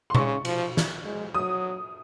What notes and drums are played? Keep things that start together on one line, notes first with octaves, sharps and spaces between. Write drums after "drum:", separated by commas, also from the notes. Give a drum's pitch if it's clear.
C6
C#3 C#6, drum: tom B2
F3, drum: cymbal
drum: snare
G#3
F#3 D#6